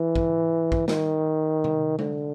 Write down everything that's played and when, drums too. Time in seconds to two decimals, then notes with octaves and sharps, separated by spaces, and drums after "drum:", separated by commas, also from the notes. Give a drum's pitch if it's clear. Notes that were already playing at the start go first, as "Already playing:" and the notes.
Already playing: E3
0.16 drum: kick
0.72 drum: kick
0.88 D#3, drum: snare
1.64 drum: tom C3
1.99 D3, drum: tom G#3